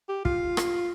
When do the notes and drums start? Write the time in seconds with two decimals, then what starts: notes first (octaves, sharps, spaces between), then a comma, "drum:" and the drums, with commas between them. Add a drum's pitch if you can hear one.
0.09 G4
0.25 F4, drum: kick
0.57 drum: rim click